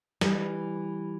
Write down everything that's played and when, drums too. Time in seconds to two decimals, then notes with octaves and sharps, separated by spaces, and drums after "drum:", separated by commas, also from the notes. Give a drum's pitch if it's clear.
0.21 E3 G3, drum: snare